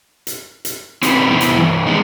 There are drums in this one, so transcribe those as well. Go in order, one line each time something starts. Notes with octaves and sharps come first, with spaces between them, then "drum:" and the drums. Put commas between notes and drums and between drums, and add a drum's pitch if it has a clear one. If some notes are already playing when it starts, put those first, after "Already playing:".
drum: hi-hat
drum: hi-hat
C4 C#4 D#4 G4 A#4 B4, drum: hi-hat
C3 E3 B3 C4 E4
drum: hi-hat
G2 E3
G#3 B3 D#4